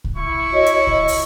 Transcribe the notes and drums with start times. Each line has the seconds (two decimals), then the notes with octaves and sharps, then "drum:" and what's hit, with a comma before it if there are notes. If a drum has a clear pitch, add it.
0.04 drum: kick
0.17 E4 C#6
0.52 F#4 C#5 D#5
0.66 drum: hi-hat
0.87 D#5, drum: kick
1.08 drum: open hi-hat